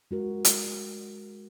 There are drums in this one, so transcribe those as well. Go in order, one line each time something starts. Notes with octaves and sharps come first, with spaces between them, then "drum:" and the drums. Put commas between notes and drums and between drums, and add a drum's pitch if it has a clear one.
G#3 F#4 A#4
drum: hi-hat